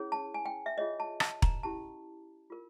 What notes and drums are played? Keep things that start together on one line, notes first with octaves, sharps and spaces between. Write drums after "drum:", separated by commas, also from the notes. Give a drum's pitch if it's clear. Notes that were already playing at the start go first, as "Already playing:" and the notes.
Already playing: C#4 E4 G#4 C#5
A5
G#5
G5
E5
F4 G#4 C#5 D#5
A5
A5, drum: rim click
A#5, drum: kick E1
C#4 E4 G4 A5
F4 A#4